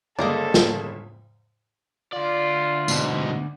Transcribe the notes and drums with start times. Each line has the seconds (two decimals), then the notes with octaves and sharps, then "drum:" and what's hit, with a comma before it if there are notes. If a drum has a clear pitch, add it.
0.19 G1 C#3 G#3 A#3 A4 A#4 D5 D#6
0.54 drum: snare
2.13 D2 F4 D5
2.88 G#2 B2, drum: tambourine